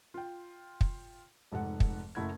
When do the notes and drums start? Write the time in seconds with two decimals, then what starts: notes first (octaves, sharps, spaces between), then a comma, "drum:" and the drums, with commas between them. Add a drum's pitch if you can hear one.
0.14 F4 G5
0.81 drum: kick
1.52 F1 G#2 A4 F#5
1.80 drum: kick
2.15 F#1 A3 E4 F#5 G#6